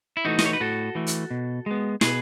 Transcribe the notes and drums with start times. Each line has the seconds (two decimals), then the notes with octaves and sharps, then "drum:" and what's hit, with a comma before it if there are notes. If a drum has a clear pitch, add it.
0.17 E4
0.25 E3 A3 D#4 F#4
0.39 D#5, drum: snare
0.46 C#5
0.53 B4
0.60 A2 F#4 A4
0.95 E3 A3
1.07 drum: hi-hat
1.31 B2
1.66 G#3 B3
2.01 B2 G#4 B4, drum: snare